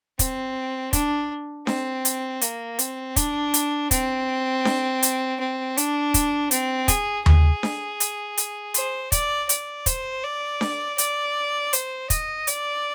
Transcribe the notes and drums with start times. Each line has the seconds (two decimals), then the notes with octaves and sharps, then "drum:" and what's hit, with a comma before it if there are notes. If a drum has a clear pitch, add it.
0.19 C4, drum: kick, hi-hat
0.93 D4, drum: kick, hi-hat
1.67 C4, drum: snare D4
2.05 drum: hi-hat
2.41 A#3, drum: hi-hat
2.79 C4, drum: hi-hat
3.16 D4, drum: kick, hi-hat
3.54 drum: hi-hat
3.91 C4, drum: kick, hi-hat
4.65 drum: snare D4
5.03 drum: hi-hat
5.40 C4
5.77 D4, drum: hi-hat
6.14 drum: kick, hi-hat
6.51 C4, drum: hi-hat
6.88 G#4, drum: kick, hi-hat
7.26 G#4, drum: tom D#2
7.63 drum: snare D4
8.00 drum: hi-hat
8.37 drum: hi-hat
8.74 C5, drum: hi-hat
9.12 D5, drum: kick, hi-hat
9.49 D5, drum: hi-hat
9.86 C5, drum: kick, hi-hat
10.23 D5
10.61 drum: snare D4
10.98 D5, drum: hi-hat
11.73 C5, drum: hi-hat
12.10 D#5, drum: kick, hi-hat
12.47 D5, drum: hi-hat